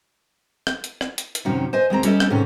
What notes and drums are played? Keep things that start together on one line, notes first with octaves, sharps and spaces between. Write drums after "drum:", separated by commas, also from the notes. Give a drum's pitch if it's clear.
drum: rim click
drum: hi-hat
drum: rim click
drum: hi-hat
drum: hi-hat
F#2 C3 D#3 F#3 C#4
C5 D#5 G#5
D#2 G#3 C4 A#5
G3 C#4 A4 D#5, drum: hi-hat
drum: rim click
G#2 C3 D#3 C#4